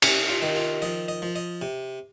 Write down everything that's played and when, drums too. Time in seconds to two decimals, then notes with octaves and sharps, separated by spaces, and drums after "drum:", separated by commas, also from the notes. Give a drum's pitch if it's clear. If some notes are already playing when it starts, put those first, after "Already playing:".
0.02 C3 C#4, drum: cymbal
0.29 F4
0.42 D#3
0.56 F4
0.82 F3 D#5
1.08 D#5
1.22 F3
1.36 D#5
1.62 C3